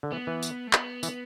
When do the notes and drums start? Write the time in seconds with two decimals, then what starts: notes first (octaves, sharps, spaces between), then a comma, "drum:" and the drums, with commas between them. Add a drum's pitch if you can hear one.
0.03 D3
0.12 E3 B3
0.27 E3
0.43 drum: tambourine
0.67 A3
0.73 B3, drum: clap
1.03 E3, drum: tambourine